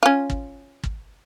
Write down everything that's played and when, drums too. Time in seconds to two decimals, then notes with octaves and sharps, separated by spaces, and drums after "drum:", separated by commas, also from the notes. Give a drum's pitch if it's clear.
0.03 C#4 F4
0.30 drum: kick
0.83 drum: kick